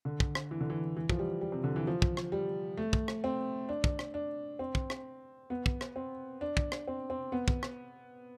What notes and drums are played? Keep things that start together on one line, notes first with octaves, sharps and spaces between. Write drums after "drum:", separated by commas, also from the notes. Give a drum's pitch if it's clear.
D3
drum: kick
drum: rim click
E3
D3
E3
E3
F3, drum: kick
G3
G3
C3
D3
E3
F3
drum: kick
drum: rim click
G3
A3
drum: kick
drum: rim click
C4
D4
drum: kick
drum: rim click
D4
C4
drum: kick
drum: rim click
B3
drum: kick
drum: rim click
C4
D4
drum: kick
drum: rim click
C4
C4
B3
drum: kick
drum: rim click